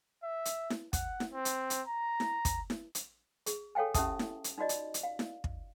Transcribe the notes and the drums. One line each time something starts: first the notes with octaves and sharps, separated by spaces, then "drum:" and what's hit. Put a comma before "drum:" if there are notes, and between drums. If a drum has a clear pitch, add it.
E5
drum: hi-hat
drum: snare E4
F#5, drum: kick, hi-hat
drum: snare E4
C4
drum: hi-hat
drum: hi-hat
A#5
drum: snare E4
drum: kick, hi-hat
drum: snare E4
drum: hi-hat
G#4, drum: hi-hat
A4 C#5 F5 G5 G#5
C#4 E4 G4 E5 A5 D#6, drum: kick, hi-hat
drum: snare E4
drum: hi-hat
D#4 F4 F#4 D5 D#5
drum: hi-hat
drum: hi-hat
F5
drum: snare E4
drum: kick